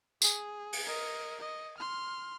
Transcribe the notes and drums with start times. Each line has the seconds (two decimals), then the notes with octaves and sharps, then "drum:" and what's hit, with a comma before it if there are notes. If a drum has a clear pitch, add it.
0.22 G#4, drum: tambourine
0.73 drum: open hi-hat
0.86 A#4 D#5
1.40 D#5
1.77 C6 F6